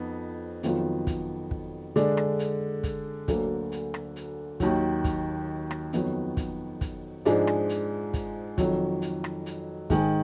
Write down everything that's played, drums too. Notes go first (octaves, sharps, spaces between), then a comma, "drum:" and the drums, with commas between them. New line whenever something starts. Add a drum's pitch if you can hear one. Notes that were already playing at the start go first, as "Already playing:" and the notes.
Already playing: F2 F3 B3 D#4
F2 D#3 F#3 B3 F4, drum: hi-hat
drum: kick, hi-hat
drum: kick
D3 G#3 D4, drum: hi-hat
drum: rim click
drum: hi-hat
drum: kick, hi-hat
D2 D3 F#3 A#3, drum: kick, hi-hat
drum: hi-hat
drum: rim click
drum: hi-hat
D#2 D#3 F#3, drum: kick, hi-hat
drum: kick, hi-hat
drum: rim click
F2 D#3 F#3 B3, drum: hi-hat
drum: kick, hi-hat
drum: kick, hi-hat
G#2 F3 G#3 D4, drum: hi-hat
drum: rim click
drum: hi-hat
drum: kick, hi-hat
F2 D#3 F#3, drum: kick, hi-hat
drum: hi-hat
drum: rim click
drum: hi-hat
G#2 D#3 G#3, drum: kick, hi-hat